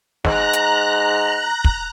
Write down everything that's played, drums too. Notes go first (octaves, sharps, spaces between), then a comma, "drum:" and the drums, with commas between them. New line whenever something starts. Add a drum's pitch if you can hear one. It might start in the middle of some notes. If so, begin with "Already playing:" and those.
G#2 A#5 F#6, drum: snare
drum: hi-hat
drum: kick